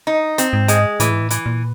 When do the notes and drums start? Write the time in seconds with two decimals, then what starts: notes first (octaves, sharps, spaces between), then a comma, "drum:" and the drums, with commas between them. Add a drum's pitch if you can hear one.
0.07 D#4
0.38 C4, drum: hi-hat
0.53 G#2
0.68 G#3, drum: hi-hat
1.00 A2 E3, drum: hi-hat
1.10 G#2
1.21 A2
1.30 E3, drum: hi-hat
1.46 A#2